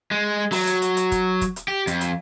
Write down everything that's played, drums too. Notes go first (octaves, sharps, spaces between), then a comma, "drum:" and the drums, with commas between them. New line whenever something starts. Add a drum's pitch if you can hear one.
G#3
F#3, drum: open hi-hat
drum: hi-hat
drum: hi-hat
drum: hi-hat
drum: kick, hi-hat
drum: kick, hi-hat
drum: hi-hat
G4
F2, drum: hi-hat
drum: hi-hat